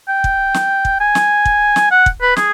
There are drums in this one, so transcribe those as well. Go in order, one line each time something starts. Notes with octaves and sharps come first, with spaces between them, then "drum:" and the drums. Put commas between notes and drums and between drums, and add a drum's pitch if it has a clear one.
G5
drum: kick
drum: snare
drum: kick
G#5
drum: snare
drum: kick
drum: snare
F#5
drum: kick
B4
G#4, drum: snare